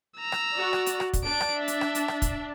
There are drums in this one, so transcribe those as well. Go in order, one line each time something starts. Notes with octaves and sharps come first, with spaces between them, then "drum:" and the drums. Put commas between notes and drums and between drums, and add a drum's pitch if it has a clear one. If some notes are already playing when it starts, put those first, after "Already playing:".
A#5 E6
drum: rim click
F#4 D5
drum: rim click
drum: hi-hat
drum: rim click
drum: kick, hi-hat
D4 D7
drum: rim click
E5
drum: hi-hat
drum: rim click
drum: hi-hat
drum: rim click
drum: kick, hi-hat